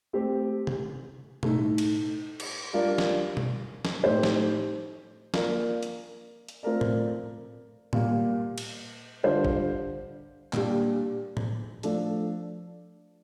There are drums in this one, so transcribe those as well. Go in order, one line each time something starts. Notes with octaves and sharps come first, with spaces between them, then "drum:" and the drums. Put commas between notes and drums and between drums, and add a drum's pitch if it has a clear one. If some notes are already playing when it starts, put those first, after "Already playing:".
A3 C4 G4
drum: tom C3
A2 A3 D#4, drum: tom B2
drum: cymbal
drum: cymbal
G3 D4 F4 A#4 D5
drum: snare
drum: tom B2
drum: snare
A2 A3 D#4 G4 C5
drum: snare
A#3 F4 A#4 D5, drum: snare
drum: hi-hat
drum: hi-hat
A3 C4 F4 A#4 D5
drum: tom A2
A#2 G3 A#3, drum: tom A2
drum: cymbal
D3 G3 D4 F4 C5
drum: kick G#1
A#2 G3 D4 G4, drum: clap
drum: tom A2
F3 A3 D4 A4, drum: hi-hat